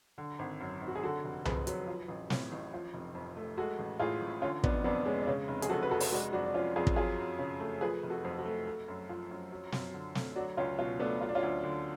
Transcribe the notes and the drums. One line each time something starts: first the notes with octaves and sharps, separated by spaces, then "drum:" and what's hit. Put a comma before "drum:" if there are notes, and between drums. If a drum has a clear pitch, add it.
D3
G#1
F#2
G#1
F#4
G#4
D3 F#4 A4
F1
F2 G#4 B4, drum: tom C2
F#3, drum: hi-hat
F3
A1
A2, drum: snare
A1
F3
F1
F2
A3
G#3 F#4 A4
A1
A2 F4 G#4
A1
D3 C#4 F4
F1 B3 D4, drum: kick
F2 B3 D4
G#3 C#4
D4
C#3 C#4
F1
G#4, drum: hi-hat
F2 F#4 A4
B4
F1 F#4 A4
drum: open hi-hat
G#3 D4 F#4
F2 D4 F#4
D4
F3 C#4 F4
F2 F4 G#4
drum: kick
F#3 F4 G#4
F#2
C#3
A3
F3 G#4 B4
F1
F#4 A4
F2
F#4 A4
A3
A3
F#2
F3
F#2
F#3
F#2, drum: snare
D3
A3, drum: snare
F#3 D4 F#4
C#2 C#4 F4
B2 C#4 F4
A3 B3 D4
F#3 F4
D4
C#4 F4
D2
D3